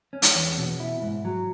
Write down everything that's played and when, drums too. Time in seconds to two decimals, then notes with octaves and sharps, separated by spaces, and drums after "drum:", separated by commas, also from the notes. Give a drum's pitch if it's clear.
0.13 C#4
0.22 drum: hi-hat
0.35 E2
0.57 B2
0.80 E4
1.02 G#2
1.25 F#3